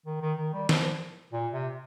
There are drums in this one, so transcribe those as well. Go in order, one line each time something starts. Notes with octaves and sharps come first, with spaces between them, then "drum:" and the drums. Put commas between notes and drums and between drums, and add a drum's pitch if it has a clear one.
D#3
D#3
D#3
G3
F3, drum: snare
A#2
C3